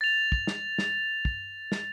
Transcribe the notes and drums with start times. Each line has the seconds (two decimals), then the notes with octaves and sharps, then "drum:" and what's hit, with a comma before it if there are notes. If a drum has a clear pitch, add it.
0.01 A6 F7
0.32 drum: kick
0.47 drum: snare
0.78 drum: snare
1.25 drum: kick
1.72 drum: snare